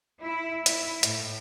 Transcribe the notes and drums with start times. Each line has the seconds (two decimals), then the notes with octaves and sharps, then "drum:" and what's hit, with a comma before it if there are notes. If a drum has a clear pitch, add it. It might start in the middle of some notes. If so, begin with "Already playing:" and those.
0.22 E4
0.66 E4, drum: hi-hat
1.03 A2, drum: hi-hat